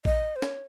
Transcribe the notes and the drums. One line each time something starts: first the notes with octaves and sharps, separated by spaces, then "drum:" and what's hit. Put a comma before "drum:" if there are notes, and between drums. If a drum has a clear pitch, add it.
D#5, drum: kick A#1
C5
C#5, drum: snare